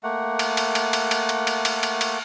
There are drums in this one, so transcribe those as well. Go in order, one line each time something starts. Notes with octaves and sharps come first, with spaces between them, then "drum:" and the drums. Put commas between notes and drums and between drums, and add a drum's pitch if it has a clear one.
A3 A#3 F#5
drum: cymbal
drum: cymbal
drum: cymbal
drum: cymbal
drum: cymbal
drum: cymbal
drum: cymbal
drum: cymbal
drum: cymbal
drum: cymbal